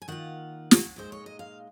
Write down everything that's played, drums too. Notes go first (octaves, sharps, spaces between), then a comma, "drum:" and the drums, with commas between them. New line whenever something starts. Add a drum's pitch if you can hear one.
G#5
D#3 A#3 F4 F#5
drum: snare
A#2 G#3 D#4 C5
C#5
D#5
F5